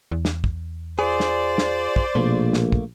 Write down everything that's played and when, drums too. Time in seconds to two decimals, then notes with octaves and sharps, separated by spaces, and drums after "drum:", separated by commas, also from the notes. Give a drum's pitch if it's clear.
0.12 E2
0.25 drum: snare
0.44 drum: kick
0.99 F4 G#4 C5 D5
1.20 drum: snare
1.58 drum: snare
1.96 drum: kick
2.15 A#1 B2 A3 A#3
2.53 drum: snare
2.72 drum: kick